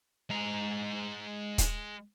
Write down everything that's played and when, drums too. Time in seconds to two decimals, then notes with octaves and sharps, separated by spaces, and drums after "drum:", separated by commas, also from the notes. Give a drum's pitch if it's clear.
0.30 G#3 A#5
1.58 drum: kick D#1, hi-hat